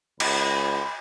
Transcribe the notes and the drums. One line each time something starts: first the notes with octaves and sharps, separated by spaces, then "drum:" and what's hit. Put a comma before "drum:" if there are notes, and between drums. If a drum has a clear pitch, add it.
C#2 B5, drum: cymbal